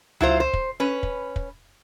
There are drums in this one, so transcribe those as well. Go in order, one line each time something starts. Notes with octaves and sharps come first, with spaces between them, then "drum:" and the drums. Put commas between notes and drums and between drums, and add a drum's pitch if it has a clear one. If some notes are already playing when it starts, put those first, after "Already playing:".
F#3 E4 F4 C5, drum: tom C#2
C5
drum: kick
C#4 B4
drum: kick
drum: kick